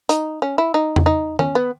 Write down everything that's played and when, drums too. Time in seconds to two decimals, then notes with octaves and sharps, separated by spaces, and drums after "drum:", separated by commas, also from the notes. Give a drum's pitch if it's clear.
0.09 D#4, drum: hi-hat
0.42 C#4
0.58 E4
0.74 D#4
0.96 drum: tom E2
1.06 D#4
1.39 C#4, drum: tom D#3
1.55 B3